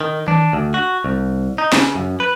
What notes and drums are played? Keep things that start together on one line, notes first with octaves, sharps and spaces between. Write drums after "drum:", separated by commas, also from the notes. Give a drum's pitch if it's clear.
D#3
D4, drum: tom D#3
D2
F#4
C2
D#4
C#3, drum: snare
F#2
B4